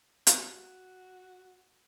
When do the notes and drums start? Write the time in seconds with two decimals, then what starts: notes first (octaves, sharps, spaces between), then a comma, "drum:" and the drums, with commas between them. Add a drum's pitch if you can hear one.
0.27 F#4, drum: hi-hat